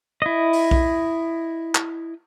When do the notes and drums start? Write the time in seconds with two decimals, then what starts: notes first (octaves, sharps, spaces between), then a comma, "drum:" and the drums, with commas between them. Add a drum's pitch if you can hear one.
0.22 E4 D#5
0.53 drum: open hi-hat
0.71 drum: kick B1
1.75 drum: clap